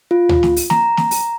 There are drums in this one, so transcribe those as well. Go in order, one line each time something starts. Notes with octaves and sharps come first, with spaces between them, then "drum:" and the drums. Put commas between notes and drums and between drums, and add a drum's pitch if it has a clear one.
F4
drum: tom D2
drum: snare
drum: open hi-hat
A#5, drum: snare
drum: snare
drum: open hi-hat